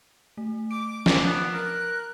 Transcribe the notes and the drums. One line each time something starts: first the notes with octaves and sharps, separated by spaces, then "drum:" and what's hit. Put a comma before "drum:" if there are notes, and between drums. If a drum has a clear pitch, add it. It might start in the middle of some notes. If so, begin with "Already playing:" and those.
A3
D6 D7
drum: snare
B3 D4
A#4 F#6